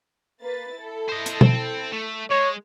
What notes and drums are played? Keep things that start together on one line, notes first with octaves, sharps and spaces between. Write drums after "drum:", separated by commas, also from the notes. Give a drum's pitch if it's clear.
A#3 B4 A6
E4 A4
C5 D#5
drum: hi-hat
C4, drum: tom B2
A3
G#3 C#5